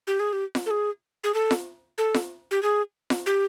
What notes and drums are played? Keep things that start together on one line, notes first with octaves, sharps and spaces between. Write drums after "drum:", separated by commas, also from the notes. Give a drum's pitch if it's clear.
G4
G#4
G4
drum: snare F4
A4
G#4
G#4
A4
drum: snare F4
A4
drum: snare F4
G4
G#4
drum: snare F4
G4